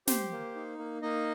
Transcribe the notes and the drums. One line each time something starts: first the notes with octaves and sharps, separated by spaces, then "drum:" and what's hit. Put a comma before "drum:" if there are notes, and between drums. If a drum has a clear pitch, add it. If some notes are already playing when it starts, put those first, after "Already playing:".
G4 C5, drum: snare
A#3
D#4
A#3
A#3 D#4 D#5